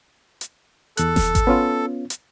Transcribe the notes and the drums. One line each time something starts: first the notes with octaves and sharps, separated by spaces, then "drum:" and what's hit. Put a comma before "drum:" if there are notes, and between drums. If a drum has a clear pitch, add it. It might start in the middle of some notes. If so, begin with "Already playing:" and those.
drum: hi-hat
E2 A4 F#6, drum: hi-hat
drum: snare F1
drum: kick G#1, hi-hat
B3 C#4 F4
drum: hi-hat